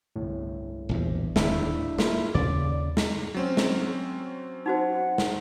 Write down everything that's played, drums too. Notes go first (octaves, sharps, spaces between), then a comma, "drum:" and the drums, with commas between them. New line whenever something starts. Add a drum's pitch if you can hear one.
G1 C2 A2
A#1 E2 G2
D1 D#2 D4 E4 E5, drum: snare
A#3 E4 F4, drum: snare
D#2 C#3 D5 D6
drum: snare
F#3 C4 C#4
drum: snare
D#4 F#4 C5 F#5
drum: snare